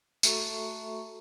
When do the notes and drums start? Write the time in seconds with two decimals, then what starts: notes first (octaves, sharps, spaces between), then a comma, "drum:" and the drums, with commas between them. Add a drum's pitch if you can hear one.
0.23 A3 F#4 A4 E5 A#5 C#6, drum: tambourine